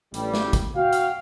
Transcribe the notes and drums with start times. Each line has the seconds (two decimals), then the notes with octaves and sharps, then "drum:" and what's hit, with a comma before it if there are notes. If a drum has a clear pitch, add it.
0.14 A1 G3, drum: hi-hat
0.34 drum: snare
0.53 drum: kick, hi-hat
0.76 F#4 F5 G5
0.93 drum: hi-hat